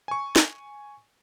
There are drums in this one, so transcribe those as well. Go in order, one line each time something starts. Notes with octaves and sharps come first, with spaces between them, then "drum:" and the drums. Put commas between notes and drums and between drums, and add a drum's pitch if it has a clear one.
G#5 C#6
drum: snare